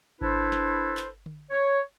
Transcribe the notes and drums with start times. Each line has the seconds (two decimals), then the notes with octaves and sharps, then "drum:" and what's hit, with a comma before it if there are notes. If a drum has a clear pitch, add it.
0.21 D4 E4 A4 B4 C5, drum: kick G#1
0.52 drum: snare
0.97 drum: clap
1.26 drum: tom D3
1.51 C#5